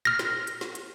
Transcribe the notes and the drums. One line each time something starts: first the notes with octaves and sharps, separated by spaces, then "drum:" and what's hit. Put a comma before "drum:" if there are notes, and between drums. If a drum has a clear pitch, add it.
F6 A#6
drum: snare
drum: hi-hat
drum: snare
drum: hi-hat